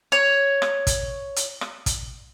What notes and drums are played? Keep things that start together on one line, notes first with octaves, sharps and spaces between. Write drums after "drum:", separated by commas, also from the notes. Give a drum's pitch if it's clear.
C#5
drum: rim click
drum: kick, hi-hat
drum: hi-hat
drum: rim click
drum: kick, hi-hat